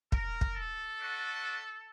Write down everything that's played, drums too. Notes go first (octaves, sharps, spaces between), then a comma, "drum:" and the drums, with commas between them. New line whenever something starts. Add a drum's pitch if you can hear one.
A#4, drum: kick
drum: kick
A4
A3 D4 F#4